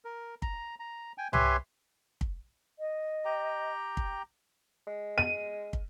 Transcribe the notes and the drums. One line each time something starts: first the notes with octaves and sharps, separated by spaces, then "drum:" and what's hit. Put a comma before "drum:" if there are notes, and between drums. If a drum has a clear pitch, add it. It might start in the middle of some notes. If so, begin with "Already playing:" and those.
A#4
A#5, drum: kick
A#5
G5 G#5
G4 B4 C#5 E5 G#5 C6, drum: tom C2
drum: kick
D#5
G4 G5 A#5
drum: kick
G#3
D#7
drum: kick